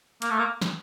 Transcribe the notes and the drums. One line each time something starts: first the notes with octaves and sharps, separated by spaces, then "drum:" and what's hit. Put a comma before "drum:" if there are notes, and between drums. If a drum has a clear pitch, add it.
A#3, drum: hi-hat
A3
A#3
drum: snare